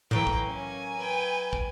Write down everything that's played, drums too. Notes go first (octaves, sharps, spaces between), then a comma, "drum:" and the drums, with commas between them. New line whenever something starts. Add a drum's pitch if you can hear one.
A2 E3 F#3 A#3 B4 G5
drum: kick
C#4 G#5
B4 G5
drum: kick